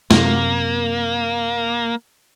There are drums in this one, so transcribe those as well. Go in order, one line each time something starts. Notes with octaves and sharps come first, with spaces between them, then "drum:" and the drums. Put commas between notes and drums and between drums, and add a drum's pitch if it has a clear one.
F#2 C3 A#3, drum: snare